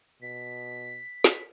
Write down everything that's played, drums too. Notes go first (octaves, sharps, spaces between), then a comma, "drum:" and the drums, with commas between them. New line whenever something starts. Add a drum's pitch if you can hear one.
B2 B6
drum: snare